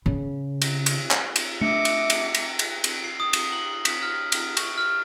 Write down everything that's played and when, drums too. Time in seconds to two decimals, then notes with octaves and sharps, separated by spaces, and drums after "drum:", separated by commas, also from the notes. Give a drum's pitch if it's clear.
0.06 C#3
0.62 drum: cymbal
0.86 drum: cymbal
1.11 drum: clap
1.36 drum: cymbal
1.61 A3 D4 D#5 E5 D6 C#7
1.85 drum: cymbal
2.10 drum: cymbal
2.34 drum: cymbal
2.59 drum: cymbal
2.84 drum: cymbal
3.04 C7
3.20 D#6
3.33 drum: cymbal
3.52 F#7
3.85 B6, drum: cymbal
4.02 F6
4.32 drum: cymbal
4.57 C#6, drum: cymbal
4.78 F6